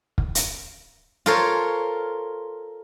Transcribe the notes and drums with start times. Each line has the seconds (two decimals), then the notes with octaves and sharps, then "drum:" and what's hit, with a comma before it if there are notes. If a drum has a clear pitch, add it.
0.18 drum: kick
0.35 drum: hi-hat
1.26 F4 A4 A#4 C5 C#5